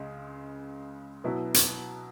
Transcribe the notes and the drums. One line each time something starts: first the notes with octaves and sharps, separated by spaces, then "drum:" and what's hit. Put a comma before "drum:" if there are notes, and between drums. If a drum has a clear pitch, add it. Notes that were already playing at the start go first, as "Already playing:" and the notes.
Already playing: C#2 C#3 G#3
B2 F#3 B3 E4
drum: hi-hat